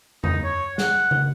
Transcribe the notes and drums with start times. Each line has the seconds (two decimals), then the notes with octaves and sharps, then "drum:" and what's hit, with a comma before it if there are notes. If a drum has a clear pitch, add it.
0.24 D#4, drum: tom E2
0.44 C#5
0.78 F#5, drum: snare
1.11 drum: tom